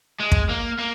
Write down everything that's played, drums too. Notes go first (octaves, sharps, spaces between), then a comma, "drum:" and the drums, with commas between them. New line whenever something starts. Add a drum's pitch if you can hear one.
G#3
drum: kick
A#3
A#3